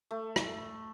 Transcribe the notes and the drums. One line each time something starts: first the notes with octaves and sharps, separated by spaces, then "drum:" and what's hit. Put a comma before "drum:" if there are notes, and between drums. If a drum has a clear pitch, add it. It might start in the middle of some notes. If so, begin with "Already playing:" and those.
A3
drum: rim click